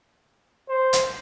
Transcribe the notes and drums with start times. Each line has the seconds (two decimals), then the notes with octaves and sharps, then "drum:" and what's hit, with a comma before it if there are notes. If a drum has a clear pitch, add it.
0.69 C5
0.93 drum: hi-hat